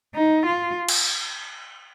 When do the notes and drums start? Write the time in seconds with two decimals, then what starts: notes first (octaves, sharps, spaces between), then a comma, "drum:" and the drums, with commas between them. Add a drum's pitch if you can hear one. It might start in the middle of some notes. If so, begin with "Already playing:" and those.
0.15 D#4
0.46 F4
0.89 drum: cymbal